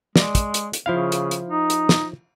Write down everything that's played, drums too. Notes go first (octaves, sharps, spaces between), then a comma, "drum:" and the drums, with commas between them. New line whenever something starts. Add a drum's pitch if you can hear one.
G#3 D5, drum: snare
drum: kick, hi-hat
drum: hi-hat
drum: hi-hat
C#3 F3 E4 F5
drum: hi-hat
drum: hi-hat
D#4
drum: hi-hat
drum: snare